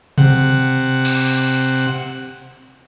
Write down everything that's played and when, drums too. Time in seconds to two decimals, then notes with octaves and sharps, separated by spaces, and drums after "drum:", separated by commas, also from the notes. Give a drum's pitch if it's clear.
0.18 C3 F#5, drum: tom C3
1.05 drum: cymbal